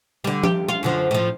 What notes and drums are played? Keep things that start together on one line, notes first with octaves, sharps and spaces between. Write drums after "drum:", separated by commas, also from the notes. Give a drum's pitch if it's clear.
D3 G3
G4, drum: tom F3
F4
F#2 D3 F3
A2 F3